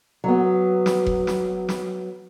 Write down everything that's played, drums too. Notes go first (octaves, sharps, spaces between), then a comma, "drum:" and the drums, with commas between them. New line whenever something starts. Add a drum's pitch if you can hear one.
F#3 B3
drum: snare
drum: kick F1
drum: snare
drum: snare